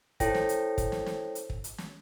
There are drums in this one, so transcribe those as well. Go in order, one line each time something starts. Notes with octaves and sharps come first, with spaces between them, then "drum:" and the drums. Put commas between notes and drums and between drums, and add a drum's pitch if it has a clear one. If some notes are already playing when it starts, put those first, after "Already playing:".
E4 A4 C5 C#5 G5 A#6, drum: kick, hi-hat
drum: snare
drum: hi-hat
drum: kick, hi-hat
drum: snare
drum: snare
drum: hi-hat
drum: kick
drum: hi-hat
drum: snare